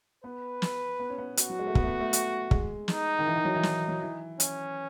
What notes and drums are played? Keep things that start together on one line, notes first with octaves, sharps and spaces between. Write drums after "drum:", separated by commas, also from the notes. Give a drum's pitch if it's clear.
B3 B4
drum: snare
B3
C#4
B3
F#4, drum: hi-hat
F#3
G#3
A3
B3, drum: kick
A3
B3
A3
drum: hi-hat
G#3, drum: kick
D#4, drum: snare
D#3
E3
D#3
F#3
E3
F#3, drum: snare
F#3
E3
C#4, drum: hi-hat